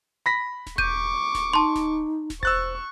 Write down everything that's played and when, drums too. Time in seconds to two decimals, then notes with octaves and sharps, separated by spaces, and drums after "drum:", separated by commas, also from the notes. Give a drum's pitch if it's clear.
0.26 B5 A#6 B6
0.67 drum: snare D1
0.78 C#6 D6 G6 D#7, drum: kick E1
1.35 drum: snare D1
1.53 D#4 A5 C6
1.75 drum: snare D1
2.30 drum: snare D1
2.43 C5 C#6 E6 F#6 A6, drum: kick E1